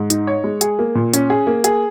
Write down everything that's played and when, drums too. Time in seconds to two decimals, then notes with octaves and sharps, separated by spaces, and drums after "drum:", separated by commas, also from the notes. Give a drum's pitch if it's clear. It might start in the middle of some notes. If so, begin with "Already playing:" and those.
Already playing: G#2
0.10 D#4, drum: hi-hat
0.27 C#5
0.44 G#3
0.61 G#4, drum: hi-hat
0.79 A#3
0.95 A#2
1.14 C#4, drum: hi-hat
1.30 G#4
1.47 A#3
1.64 G#4, drum: hi-hat